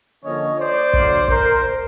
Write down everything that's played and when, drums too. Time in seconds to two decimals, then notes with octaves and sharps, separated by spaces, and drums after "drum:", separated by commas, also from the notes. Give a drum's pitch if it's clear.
0.24 D3 F3 A#3 C#4 C#5 D#5
0.59 C5 D5
0.93 D3 F#3 A#3, drum: kick
1.28 A#4 C5, drum: kick